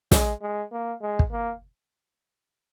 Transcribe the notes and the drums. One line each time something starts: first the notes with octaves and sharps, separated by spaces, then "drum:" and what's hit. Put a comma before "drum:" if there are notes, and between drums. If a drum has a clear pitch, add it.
G#3, drum: snare
G#3
A#3
G#3
drum: kick
A#3